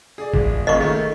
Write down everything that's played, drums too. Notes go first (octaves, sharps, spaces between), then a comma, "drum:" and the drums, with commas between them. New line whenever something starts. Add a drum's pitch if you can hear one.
G#4 D5
D#1, drum: kick F#1
C#3 A#3 D#5 C#6
D#3 A3